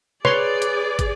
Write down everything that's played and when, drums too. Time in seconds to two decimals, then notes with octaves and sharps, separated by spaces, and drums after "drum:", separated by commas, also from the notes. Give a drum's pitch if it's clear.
0.25 G#4 B4 C#5 D5 C6, drum: snare
0.62 drum: hi-hat
0.99 drum: kick, hi-hat